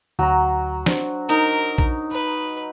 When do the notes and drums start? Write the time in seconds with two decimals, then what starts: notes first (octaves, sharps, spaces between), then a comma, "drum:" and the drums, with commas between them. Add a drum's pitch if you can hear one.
0.19 D2 F#3 A#5
0.86 D4 C5, drum: snare
1.29 D#4 A#4, drum: hi-hat
1.78 drum: kick A#1
2.12 B4